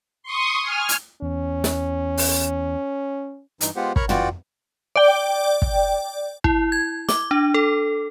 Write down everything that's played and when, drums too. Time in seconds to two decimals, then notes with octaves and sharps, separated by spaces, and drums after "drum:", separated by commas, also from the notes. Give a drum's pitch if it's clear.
0.23 C6 C#6 D#6
0.62 G#5 F6
0.89 drum: hi-hat
1.22 E2 C#4
1.64 drum: snare
2.18 drum: open hi-hat
3.61 G2 E3 D#4, drum: hi-hat
3.76 G#3 B3 F4 G4 C5 F#5
3.96 A#4 C#5 A#5 B5 C#6, drum: kick
4.09 E3 F4 F#4 D5 F#5 G5, drum: tom
4.96 D5 G5
5.62 drum: kick
6.44 E4, drum: kick
6.72 G#6
7.09 D6, drum: snare
7.31 D4
7.54 A4